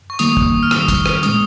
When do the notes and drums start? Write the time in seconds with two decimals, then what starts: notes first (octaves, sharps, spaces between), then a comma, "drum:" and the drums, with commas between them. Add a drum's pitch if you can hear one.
0.10 C#6
0.19 D#3 G3 A#3 D#6, drum: hi-hat
0.37 drum: kick
0.63 F6
0.71 G#2 D#3 G3 D#6, drum: rim click
0.88 drum: kick, hi-hat
1.06 drum: rim click
1.23 A#2 G#3 C#4 D#6, drum: hi-hat